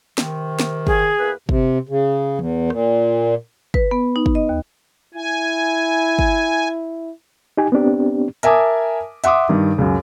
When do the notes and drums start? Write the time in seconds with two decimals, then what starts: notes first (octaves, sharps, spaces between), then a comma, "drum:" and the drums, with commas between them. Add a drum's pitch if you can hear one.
0.18 C3 D#3, drum: snare
0.59 drum: snare
0.87 G#4, drum: kick
1.18 E2 A#3 B4
1.49 C3, drum: kick
1.89 C#3
2.39 E2, drum: tom E3
2.70 A#2, drum: rim click
3.74 B4, drum: kick
3.91 B3
4.16 D#4
4.26 drum: kick
4.35 D#5
4.49 D#2
5.15 E4 G#5
6.19 drum: kick
7.57 D#4 G4 G#5
7.72 B3 C4 D4 G4
8.43 A#4 E5 G#5 A5 D6 D#6, drum: hi-hat
9.24 E5 F#5 C6 D6 D#6, drum: hi-hat
9.49 G2 D#3
9.78 C#2 F#2